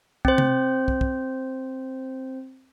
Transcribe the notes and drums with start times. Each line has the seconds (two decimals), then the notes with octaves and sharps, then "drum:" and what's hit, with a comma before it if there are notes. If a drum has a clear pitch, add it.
0.25 C4 C5, drum: kick
0.38 drum: tom C3
0.88 drum: kick
1.01 drum: kick